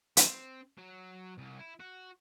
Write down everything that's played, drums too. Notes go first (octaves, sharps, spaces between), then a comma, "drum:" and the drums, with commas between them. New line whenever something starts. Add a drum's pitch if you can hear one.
C4, drum: hi-hat
F#3
C2
E4
F#4